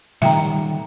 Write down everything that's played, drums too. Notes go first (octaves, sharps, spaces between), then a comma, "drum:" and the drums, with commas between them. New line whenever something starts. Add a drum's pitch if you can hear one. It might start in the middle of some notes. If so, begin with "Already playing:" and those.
A#2 D#3 G3 E5 G5 A#5, drum: snare